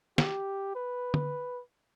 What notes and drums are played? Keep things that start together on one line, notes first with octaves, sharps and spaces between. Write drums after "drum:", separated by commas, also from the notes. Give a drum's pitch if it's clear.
G4, drum: snare
B4
drum: tom D3